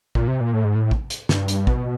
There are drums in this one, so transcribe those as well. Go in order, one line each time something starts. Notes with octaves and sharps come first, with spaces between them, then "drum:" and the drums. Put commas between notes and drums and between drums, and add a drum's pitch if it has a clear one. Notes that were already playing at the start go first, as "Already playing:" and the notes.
A#2, drum: kick A1
C3
A#2
A2
G#2
A2
drum: kick A1
drum: hi-hat
G2, drum: snare
drum: hi-hat
B2, drum: kick A1